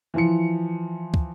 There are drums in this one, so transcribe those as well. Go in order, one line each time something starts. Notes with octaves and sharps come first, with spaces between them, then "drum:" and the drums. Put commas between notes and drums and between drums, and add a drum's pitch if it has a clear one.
E3 F3 C#7
drum: kick